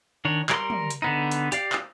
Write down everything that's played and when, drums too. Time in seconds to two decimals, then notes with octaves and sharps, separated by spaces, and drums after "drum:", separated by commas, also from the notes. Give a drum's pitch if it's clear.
0.25 D#3 D4 C#5
0.49 G3 A#4 C6, drum: clap
0.70 drum: tom
0.90 drum: hi-hat
1.02 D3 B3 D#4
1.31 drum: hi-hat
1.52 G4 D5 F5, drum: hi-hat
1.72 drum: clap